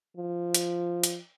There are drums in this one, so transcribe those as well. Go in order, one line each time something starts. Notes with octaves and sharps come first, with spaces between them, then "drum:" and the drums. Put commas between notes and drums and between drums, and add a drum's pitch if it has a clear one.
F3
drum: hi-hat
drum: hi-hat